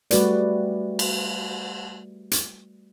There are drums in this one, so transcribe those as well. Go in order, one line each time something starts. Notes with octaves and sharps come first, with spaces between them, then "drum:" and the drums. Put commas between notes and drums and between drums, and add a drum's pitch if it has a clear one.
G3 A3 F#4 B4 D5, drum: hi-hat
drum: cymbal
drum: hi-hat